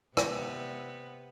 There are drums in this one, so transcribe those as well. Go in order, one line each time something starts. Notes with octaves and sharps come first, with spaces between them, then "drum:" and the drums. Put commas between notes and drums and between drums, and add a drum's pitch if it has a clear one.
C3 B3, drum: rim click